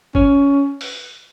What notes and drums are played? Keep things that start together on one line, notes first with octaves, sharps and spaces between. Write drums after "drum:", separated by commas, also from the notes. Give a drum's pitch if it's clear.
C#4, drum: kick G1
drum: open hi-hat